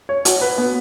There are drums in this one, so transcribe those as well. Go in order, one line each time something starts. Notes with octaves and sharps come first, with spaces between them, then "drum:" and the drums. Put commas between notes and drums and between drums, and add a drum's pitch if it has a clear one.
C#5
F#4, drum: hi-hat
B4
B3